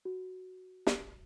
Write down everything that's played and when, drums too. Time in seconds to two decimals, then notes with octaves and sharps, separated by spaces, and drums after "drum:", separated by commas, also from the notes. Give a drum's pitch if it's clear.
0.05 F#4
0.87 drum: snare